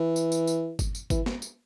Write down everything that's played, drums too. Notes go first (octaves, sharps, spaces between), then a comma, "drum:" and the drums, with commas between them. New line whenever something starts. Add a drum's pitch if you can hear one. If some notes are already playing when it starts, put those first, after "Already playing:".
Already playing: E3
drum: tambourine
drum: tambourine
drum: tambourine
drum: kick G1, tambourine
drum: tambourine
E3, drum: kick G1, tambourine
drum: snare
drum: tambourine